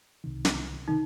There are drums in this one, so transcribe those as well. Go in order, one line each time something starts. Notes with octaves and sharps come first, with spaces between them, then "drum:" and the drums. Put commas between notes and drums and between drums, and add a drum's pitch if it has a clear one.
C2 C3 D#3
drum: snare
C3 D#3 D#4